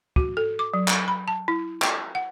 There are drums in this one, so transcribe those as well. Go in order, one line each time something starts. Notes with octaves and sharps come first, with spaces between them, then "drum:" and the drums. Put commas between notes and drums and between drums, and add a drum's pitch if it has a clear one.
F#4, drum: kick
A4
D6
F#3
drum: clap
B5
A5
E4
G5, drum: clap
F#5